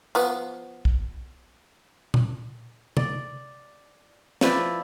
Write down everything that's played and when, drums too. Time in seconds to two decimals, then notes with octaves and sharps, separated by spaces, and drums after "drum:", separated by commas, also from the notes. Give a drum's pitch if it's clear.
0.15 F3 B3, drum: tambourine
0.85 drum: kick
2.14 drum: tom A#2
2.97 D5, drum: tom C3
4.41 F3 E4 B4 D5, drum: snare